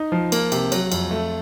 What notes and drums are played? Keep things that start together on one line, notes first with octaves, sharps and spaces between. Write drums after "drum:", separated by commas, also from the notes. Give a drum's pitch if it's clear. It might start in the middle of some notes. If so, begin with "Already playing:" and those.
Already playing: D#4
F3
A#3, drum: cymbal
C3, drum: cymbal
F#3, drum: cymbal
F2, drum: cymbal
A3